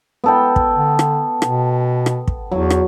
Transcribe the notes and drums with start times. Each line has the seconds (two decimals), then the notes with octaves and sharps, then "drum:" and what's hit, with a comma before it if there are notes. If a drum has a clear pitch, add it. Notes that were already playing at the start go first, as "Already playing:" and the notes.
0.24 B3 A4 G5
0.56 drum: kick
0.75 D3
0.99 drum: rim click
1.42 B2, drum: rim click
2.06 drum: rim click
2.28 drum: kick
2.51 E2 F#3
2.70 drum: rim click